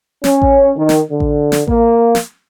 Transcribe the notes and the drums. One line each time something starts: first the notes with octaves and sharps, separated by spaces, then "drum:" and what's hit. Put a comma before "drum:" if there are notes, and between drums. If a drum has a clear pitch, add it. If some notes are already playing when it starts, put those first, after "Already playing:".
C#4, drum: snare
drum: kick A1
D#3
drum: snare
D3
drum: kick A1
drum: snare
A#3, drum: kick A1
drum: snare